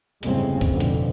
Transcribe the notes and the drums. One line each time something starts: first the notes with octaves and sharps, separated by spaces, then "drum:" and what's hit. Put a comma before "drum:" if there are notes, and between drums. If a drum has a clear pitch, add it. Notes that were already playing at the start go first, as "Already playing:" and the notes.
G1 E2 A2 C#3 G#3 C4, drum: hi-hat
drum: kick, hi-hat
F2 B2 D3
drum: hi-hat